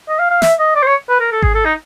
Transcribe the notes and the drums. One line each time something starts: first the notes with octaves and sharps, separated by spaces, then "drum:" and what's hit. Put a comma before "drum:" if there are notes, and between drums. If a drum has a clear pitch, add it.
D#5
F5
F5
E5, drum: snare
D#5
D5
C5
C#5
B4
A#4
A4
G#4, drum: kick G#1
A4
D#4